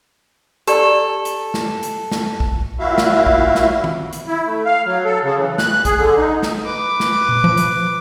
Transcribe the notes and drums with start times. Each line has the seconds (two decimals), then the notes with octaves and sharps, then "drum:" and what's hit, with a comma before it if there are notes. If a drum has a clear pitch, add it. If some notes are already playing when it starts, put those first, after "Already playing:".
0.67 G4 A4 D5 A#5, drum: hi-hat
1.25 drum: hi-hat
1.54 drum: snare
1.83 drum: hi-hat
2.11 drum: snare
2.40 drum: kick
2.79 A#2 E4 F#4 E5 F5
2.98 drum: snare
3.26 drum: kick
3.55 drum: snare
3.84 drum: tom D#3
4.13 drum: hi-hat
4.27 E4
4.46 A3
4.65 F5
4.86 F#3
5.05 A4
5.23 C#3
5.38 E3
5.58 F#6, drum: snare
5.85 G#4, drum: kick, hi-hat
5.98 D3
6.17 D#4
6.43 drum: snare
6.66 B4 D6
7.00 drum: snare
7.29 drum: tom A#2
7.44 F3
7.58 drum: hi-hat